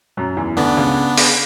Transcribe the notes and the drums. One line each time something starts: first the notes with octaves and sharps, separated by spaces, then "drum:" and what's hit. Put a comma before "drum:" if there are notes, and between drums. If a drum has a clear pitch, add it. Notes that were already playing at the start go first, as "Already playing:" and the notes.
F#2 F#3
E2 E3
D2 D3 B3 D4
C#2 C#3
drum: open hi-hat